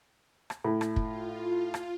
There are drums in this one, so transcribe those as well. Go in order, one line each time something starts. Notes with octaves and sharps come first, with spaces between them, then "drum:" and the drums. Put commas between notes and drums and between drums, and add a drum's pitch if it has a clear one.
drum: rim click
A2
drum: rim click
F4, drum: kick
drum: rim click